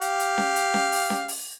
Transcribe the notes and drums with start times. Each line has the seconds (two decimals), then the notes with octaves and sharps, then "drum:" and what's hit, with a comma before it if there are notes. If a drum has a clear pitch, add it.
0.01 G4 F5, drum: hi-hat
0.20 drum: hi-hat
0.38 drum: snare C#4
0.56 drum: hi-hat
0.74 drum: snare C#4
0.92 drum: open hi-hat
1.10 drum: snare C#4
1.28 drum: open hi-hat